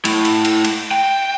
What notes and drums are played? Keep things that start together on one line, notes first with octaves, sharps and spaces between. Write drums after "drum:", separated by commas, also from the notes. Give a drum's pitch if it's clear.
A3 E4, drum: cymbal
drum: cymbal
drum: cymbal
drum: cymbal
G5